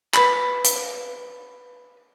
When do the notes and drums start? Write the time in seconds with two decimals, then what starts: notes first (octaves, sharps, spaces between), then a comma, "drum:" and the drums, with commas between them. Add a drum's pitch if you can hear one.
0.14 B4 B5, drum: clap
0.64 drum: hi-hat